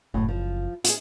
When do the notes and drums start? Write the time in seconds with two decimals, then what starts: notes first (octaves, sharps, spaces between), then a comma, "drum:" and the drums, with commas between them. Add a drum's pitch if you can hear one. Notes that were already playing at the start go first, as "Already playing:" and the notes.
0.14 F#1 A2
0.29 F3
0.84 F#4 G#4, drum: hi-hat